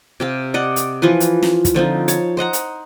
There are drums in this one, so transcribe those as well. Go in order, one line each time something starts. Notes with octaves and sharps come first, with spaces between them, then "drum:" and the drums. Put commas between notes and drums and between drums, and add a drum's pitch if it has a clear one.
C3 G4 F5
D5 D#5 F#5
drum: hi-hat
E3 F3 F4 B4
drum: hi-hat
drum: snare
drum: kick, hi-hat
D3 F3 C4 D#4
C#5 A5, drum: hi-hat
C5 D#5 F#5 A#5
drum: hi-hat